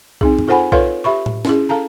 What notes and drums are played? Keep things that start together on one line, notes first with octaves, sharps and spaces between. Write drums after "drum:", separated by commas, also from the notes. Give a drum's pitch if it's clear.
C4 D#4 G#4, drum: kick B1
drum: tom
F4 A4 C5 F#5 G#5 B5
F4 A4 B4 C#5 F5 C6, drum: kick B1
G4 E5 B5 C#6
drum: tom A2
C#4 E4 G#4, drum: snare
A4 F5 A5 A#5